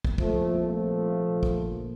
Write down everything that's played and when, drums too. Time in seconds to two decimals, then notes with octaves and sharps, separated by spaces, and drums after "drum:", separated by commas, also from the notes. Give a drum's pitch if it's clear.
0.05 drum: kick
0.18 C2 A#2 F3 A3, drum: kick
0.72 F3 A3
1.24 A#1
1.29 A#2
1.43 drum: kick